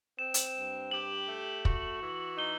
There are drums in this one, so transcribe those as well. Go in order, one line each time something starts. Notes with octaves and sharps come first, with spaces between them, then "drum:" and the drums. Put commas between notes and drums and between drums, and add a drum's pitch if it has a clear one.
C4 E7
drum: hi-hat
G2
G4 F#7
A3
F#4, drum: kick
E3
D#4 G7